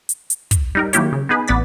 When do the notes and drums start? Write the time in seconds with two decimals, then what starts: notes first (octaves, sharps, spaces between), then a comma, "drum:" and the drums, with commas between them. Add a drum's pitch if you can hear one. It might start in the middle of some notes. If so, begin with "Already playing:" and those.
0.09 drum: hi-hat
0.30 drum: hi-hat
0.51 drum: kick, hi-hat
0.75 G3 D#4 A#4
0.93 D#3 F#3 A#3 E4 G4 C#5, drum: hi-hat
1.13 C#3
1.29 B3 D#4 G#4 B4
1.48 A1 B3 D5 A6 B6